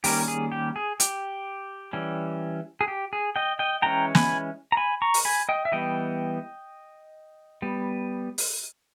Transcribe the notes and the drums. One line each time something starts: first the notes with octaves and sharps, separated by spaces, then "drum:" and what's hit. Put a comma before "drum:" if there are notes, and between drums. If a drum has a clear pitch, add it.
D#3 G3 A#3 C#4 G4 A#4, drum: open hi-hat
G#4
G4
G#4
G4, drum: hi-hat
E3 G3 C#4
G#4
G4
G#4
D#5 G5
D#5 G5
E3 G#3 C#4 G5 A#5
G#5 B5, drum: snare
A#5
G#5 B5
A#5 C#6
drum: open hi-hat
G#5 B5
D#5 G5
E5
E3 G3 B3 D#5 G5
G3 B3
drum: open hi-hat